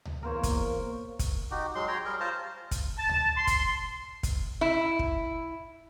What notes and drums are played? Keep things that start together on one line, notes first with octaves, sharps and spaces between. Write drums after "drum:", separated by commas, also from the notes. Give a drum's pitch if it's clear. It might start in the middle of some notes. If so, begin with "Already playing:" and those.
drum: tom C#2
E2 A#3 A#4 C5 C#5
drum: kick, hi-hat
drum: kick, hi-hat
D#4 F#4 G4
F#3 G#3 C6
C#5 G5 A#5 C6
G3 G#4 A#4
F4 C5 A5 A#5
drum: kick, hi-hat
A5
drum: tom C#2
C6
drum: kick, hi-hat
drum: kick, hi-hat
E4
drum: kick